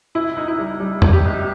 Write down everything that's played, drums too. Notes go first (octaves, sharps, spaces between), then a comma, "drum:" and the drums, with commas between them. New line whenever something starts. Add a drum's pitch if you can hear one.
C#2 E4
C#2 D#4
E4
G3
G3
G3, drum: tom E2
G4
C#2